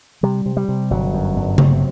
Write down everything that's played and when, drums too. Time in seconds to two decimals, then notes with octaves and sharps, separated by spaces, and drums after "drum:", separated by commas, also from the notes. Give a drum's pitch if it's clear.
0.23 C3 G3
0.46 C3
0.57 G3
0.69 C3
0.91 G1 F#3
1.14 F#2
1.36 G1
1.58 C3, drum: tom C#3